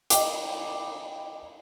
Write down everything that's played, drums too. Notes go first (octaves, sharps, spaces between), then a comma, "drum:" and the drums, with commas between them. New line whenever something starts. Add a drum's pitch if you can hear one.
D#5 G5 D6, drum: hi-hat